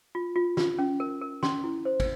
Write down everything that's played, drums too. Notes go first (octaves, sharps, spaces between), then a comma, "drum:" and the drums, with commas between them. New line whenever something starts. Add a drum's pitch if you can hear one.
F4
F4
F4, drum: snare
C#4
A#4
A#4
C#4 C6, drum: snare
E4
C5
drum: kick, cymbal